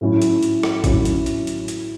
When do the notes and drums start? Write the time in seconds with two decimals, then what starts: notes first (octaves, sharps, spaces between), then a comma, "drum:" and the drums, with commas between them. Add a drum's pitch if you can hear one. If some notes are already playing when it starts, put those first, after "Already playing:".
0.01 A2 F#3 C#4 E4
0.22 drum: hi-hat
0.42 drum: hi-hat
0.63 drum: rim click
0.84 A2 F#3 C#4 E4, drum: kick G#1, hi-hat
1.05 drum: hi-hat
1.26 drum: hi-hat
1.47 drum: hi-hat
1.68 drum: hi-hat